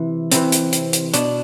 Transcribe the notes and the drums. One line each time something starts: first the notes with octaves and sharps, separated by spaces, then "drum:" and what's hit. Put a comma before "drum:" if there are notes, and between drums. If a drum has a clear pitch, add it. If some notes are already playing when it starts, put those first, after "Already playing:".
Already playing: C3 E3
C3 E3 C4, drum: hi-hat
drum: hi-hat
drum: hi-hat
drum: hi-hat
B2 D4, drum: hi-hat